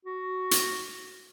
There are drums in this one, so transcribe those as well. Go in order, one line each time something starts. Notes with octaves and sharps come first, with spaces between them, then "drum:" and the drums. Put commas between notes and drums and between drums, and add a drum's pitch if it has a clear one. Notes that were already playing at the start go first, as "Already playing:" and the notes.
F#4
drum: hi-hat